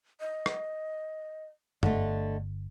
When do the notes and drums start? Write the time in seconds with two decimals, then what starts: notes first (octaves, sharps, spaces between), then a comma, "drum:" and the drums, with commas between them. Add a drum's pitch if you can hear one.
0.20 D#5
0.46 drum: rim click
1.83 G1 D3 A3 D#5, drum: tom F#2